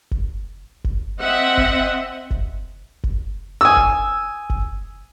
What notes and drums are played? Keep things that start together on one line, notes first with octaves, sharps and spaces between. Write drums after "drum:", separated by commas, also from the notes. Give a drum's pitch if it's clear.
drum: kick F#1
drum: kick F#1
C4 D#5 E5 F#5
drum: kick F#1
drum: kick F#1
drum: kick F#1
G#5 D#6 E6
drum: kick F#1
drum: kick F#1